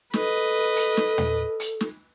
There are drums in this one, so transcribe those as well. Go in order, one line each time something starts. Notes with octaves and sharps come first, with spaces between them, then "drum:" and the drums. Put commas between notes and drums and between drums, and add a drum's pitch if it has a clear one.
A4 B4 D#5, drum: snare
drum: hi-hat
drum: snare
drum: tom
drum: hi-hat
drum: snare